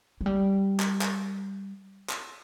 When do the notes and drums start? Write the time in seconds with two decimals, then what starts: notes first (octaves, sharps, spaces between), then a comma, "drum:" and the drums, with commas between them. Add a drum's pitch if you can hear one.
0.21 F#3
0.26 G3
0.80 drum: clap
1.01 drum: clap
2.09 drum: clap